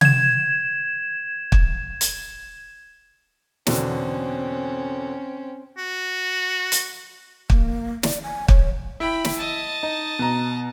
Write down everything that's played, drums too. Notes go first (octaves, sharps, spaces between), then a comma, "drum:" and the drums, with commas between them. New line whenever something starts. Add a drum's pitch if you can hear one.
G#6 E7, drum: tom C3
drum: kick
drum: hi-hat
E2 B2 D3 C4 C#4, drum: snare
F#4
drum: hi-hat
A#3, drum: kick
D5, drum: snare
G#5
C#5, drum: kick
E4 G5 B5
drum: snare
D#5 A5
D#4
B2 A#5